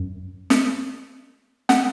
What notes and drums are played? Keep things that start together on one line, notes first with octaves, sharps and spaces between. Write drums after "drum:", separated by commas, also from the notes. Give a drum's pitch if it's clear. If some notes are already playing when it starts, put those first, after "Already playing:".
Already playing: F#2
drum: snare
F#5, drum: snare